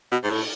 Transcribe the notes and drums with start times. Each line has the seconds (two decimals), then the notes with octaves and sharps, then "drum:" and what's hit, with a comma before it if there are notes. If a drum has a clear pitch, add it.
0.11 B2
0.23 G#2
0.30 A2, drum: cymbal